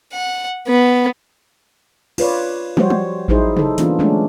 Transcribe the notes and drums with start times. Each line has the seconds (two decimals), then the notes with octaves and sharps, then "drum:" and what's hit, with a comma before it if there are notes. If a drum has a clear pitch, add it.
0.13 F#5
0.67 B3
2.18 F4 B4 C#5 D5, drum: cymbal
2.77 F3 G3 F#4 G4 C5 C#5, drum: tom
2.90 drum: tom
3.28 F#3 G3 D#4 E4 G#4 C5, drum: kick A1
3.57 D#4 A4, drum: tom
3.78 E3 A#3 B3 C#4 D4 F4, drum: hi-hat
3.99 F#3 G#3 A3 C#4 D4